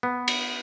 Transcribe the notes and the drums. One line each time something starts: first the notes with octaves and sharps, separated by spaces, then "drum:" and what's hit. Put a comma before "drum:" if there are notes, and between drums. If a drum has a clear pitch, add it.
B3
drum: cymbal